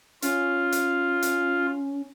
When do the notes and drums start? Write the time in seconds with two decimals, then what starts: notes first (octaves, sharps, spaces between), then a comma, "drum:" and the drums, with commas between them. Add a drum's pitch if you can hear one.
0.22 C#4 F4, drum: hi-hat
0.72 drum: hi-hat
1.22 drum: hi-hat